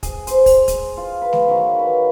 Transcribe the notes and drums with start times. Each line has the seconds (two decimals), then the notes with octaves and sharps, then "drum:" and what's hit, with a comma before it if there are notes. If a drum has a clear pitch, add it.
0.03 G#4, drum: kick, hi-hat
0.27 C5, drum: hi-hat
0.46 drum: kick, open hi-hat
0.68 drum: kick, hi-hat
0.97 F4
1.22 B4
1.33 drum: snare
1.48 D#3 F#3 F#4 F5
1.79 B4